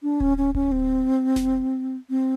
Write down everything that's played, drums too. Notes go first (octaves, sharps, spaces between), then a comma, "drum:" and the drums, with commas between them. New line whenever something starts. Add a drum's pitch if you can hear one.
D4
C#4, drum: kick D1
C#4
C#4, drum: kick D1
C4
drum: snare E1
C4